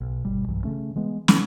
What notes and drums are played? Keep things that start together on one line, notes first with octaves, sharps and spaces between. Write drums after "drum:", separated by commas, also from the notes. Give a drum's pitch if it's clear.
B1
G1 B2 G3
B1 G2 E3 F#3
C#3 A3 C#4
E3 G#3 B3
E3, drum: snare